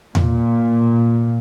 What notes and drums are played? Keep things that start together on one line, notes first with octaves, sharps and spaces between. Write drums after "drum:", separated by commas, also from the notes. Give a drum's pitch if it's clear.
A#2, drum: tom E2